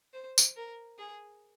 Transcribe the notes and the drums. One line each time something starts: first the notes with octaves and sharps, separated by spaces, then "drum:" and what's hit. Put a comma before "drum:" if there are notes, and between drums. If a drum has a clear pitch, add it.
C5
drum: tambourine
A#4
G#4